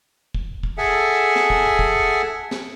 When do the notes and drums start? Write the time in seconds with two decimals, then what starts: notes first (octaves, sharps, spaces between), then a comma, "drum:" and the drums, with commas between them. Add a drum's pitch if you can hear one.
0.35 drum: kick
0.63 drum: kick
0.78 G#4 A4 E5 F#5 G#5
1.36 drum: snare
1.50 drum: kick
1.79 drum: kick
2.51 drum: snare